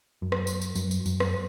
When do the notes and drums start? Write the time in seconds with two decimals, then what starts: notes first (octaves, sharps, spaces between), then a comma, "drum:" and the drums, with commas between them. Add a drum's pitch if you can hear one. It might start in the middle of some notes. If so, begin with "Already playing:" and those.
0.22 F#2
0.32 drum: rim click
0.47 drum: tambourine
0.62 drum: tambourine
0.75 F#2, drum: tambourine
0.91 drum: tambourine
1.06 F#2, drum: tambourine
1.20 drum: rim click